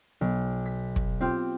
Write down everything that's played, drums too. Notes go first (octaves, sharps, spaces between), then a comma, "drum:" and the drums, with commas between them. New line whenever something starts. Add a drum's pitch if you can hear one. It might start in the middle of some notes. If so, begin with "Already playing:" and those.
B1
B6
drum: kick
C4 F4 G4